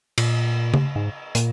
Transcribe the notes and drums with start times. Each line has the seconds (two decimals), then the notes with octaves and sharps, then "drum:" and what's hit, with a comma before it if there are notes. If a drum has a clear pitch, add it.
0.18 A#2, drum: cymbal
0.74 drum: tom C#3
0.96 G#2
1.35 A#2, drum: hi-hat